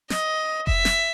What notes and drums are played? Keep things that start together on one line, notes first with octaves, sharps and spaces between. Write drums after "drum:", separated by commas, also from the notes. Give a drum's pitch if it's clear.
D#5, drum: snare
E5, drum: kick F1
drum: snare